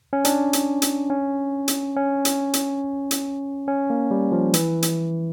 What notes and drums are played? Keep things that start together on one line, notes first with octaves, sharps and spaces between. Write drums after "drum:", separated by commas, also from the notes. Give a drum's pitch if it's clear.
C#4
D4, drum: hi-hat
drum: hi-hat
drum: hi-hat
C#4
drum: hi-hat
C#4
drum: hi-hat
drum: hi-hat
drum: hi-hat
C#4
A#3
G3
F3
E3, drum: hi-hat
drum: hi-hat